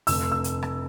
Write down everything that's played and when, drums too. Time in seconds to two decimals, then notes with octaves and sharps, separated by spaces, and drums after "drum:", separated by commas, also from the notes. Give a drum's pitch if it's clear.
0.07 F1 E6, drum: open hi-hat
0.32 E6
0.44 drum: hi-hat
0.63 drum: rim click